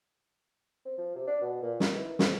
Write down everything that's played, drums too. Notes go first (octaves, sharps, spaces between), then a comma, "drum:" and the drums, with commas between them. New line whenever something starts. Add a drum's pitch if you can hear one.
C4
F3
C3
D4
B2
A#2
D#3, drum: snare
E3
F2, drum: snare